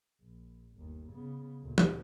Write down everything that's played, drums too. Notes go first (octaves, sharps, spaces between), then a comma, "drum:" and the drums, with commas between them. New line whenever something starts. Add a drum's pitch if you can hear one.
A#1
G1 D#2
C#3 B3
D2 A#2
drum: tom E3